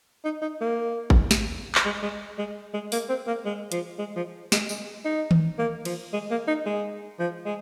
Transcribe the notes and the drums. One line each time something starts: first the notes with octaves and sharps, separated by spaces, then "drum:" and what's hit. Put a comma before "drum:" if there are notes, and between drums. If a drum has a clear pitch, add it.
D#4
D#4
A#3
drum: kick G#1
drum: snare
drum: clap
G#3
G#3
G#3
G#3
A#3, drum: open hi-hat
C4
A#3
G#3
F3, drum: hi-hat
G#3
F3
G#3, drum: snare
G#3, drum: tambourine
D#4
drum: tom D#3
A#3
F3, drum: cymbal
G#3
A#3
D#4
G#3
F3
G#3